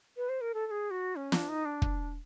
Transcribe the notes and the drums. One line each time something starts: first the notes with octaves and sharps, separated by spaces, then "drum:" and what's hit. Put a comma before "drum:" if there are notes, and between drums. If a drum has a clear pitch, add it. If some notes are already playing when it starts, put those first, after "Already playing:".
B4
C5
A#4
A4
A4
G#4
F#4
C#4
D4, drum: snare
D#4
D4
drum: kick